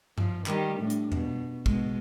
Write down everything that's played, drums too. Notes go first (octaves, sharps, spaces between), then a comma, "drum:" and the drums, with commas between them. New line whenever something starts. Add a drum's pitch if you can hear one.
F3, drum: tom G2
D#3 G3 G4, drum: clap
A2 D4
drum: hi-hat
B2, drum: tom E2
B2 G#3, drum: kick